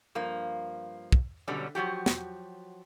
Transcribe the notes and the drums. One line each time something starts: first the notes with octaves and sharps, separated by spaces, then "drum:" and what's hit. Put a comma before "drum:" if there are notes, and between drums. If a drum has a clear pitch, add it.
G2 F3 A#3
drum: kick
B2 D3 F#3 G3 C#4
F3 F#3 F#4 G4
drum: snare